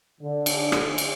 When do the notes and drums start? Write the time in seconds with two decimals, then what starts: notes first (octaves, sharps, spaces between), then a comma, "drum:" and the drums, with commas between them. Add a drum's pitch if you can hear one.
0.20 D3
0.46 drum: cymbal
0.72 drum: rim click
0.98 drum: cymbal